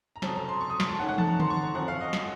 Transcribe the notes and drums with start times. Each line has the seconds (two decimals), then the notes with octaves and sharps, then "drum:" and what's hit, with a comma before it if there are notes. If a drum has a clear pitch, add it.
0.16 A#5
0.22 F1 F2 C#3 F#3 C4 A5, drum: snare
0.36 A#5
0.48 C6
0.61 C#6
0.70 D#6
0.80 C#6, drum: snare
0.90 A5
0.98 F1 F2 D#3 A3 C#4 F#5
1.09 F#5
1.18 A5, drum: tom
1.27 A#5
1.40 C6, drum: tom D3
1.50 C#6
1.62 A#5
1.74 F#2 F3 C4 F#5
1.88 F5
2.01 D#5
2.13 drum: snare